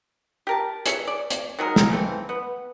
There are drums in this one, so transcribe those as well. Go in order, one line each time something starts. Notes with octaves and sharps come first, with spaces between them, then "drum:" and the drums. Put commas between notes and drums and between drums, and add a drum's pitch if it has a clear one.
G4 A#4 A5
G#4 C#5 E5, drum: hi-hat
D5
drum: hi-hat
D#3 F#3 G#3 A#4
drum: snare
C#3 E3 A3 C4
B3